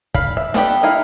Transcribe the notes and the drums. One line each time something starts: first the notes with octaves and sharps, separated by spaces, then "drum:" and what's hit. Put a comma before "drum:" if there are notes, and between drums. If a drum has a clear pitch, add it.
F5 B5, drum: kick
E5
A3 B3 D4 G4, drum: snare
D#4 E4 F5